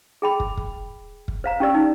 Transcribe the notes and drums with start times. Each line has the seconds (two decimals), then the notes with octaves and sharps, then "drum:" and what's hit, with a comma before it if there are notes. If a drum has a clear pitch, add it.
0.22 G#4 G5 B5
0.40 drum: kick
0.57 drum: kick
1.28 drum: kick
1.44 C5 F5 A#5
1.60 C#4 G4 D5 E6
1.75 D#4